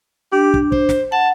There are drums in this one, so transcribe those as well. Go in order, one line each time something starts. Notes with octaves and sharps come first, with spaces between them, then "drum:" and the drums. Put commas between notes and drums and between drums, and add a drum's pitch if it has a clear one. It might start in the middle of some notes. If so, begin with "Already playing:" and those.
D4 G4
drum: kick
C5, drum: kick
drum: snare
F#5 A5